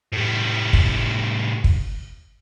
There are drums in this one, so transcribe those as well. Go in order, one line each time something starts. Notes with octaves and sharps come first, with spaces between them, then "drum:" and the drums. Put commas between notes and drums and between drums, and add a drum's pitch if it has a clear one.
A2 G3
drum: kick
drum: kick